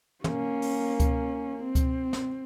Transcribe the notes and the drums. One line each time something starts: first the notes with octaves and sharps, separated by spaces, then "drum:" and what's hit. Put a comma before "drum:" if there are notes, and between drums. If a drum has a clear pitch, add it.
A#3 C#4, drum: tom
drum: open hi-hat
drum: kick C#2, hi-hat
C4
drum: kick C#2, hi-hat
drum: snare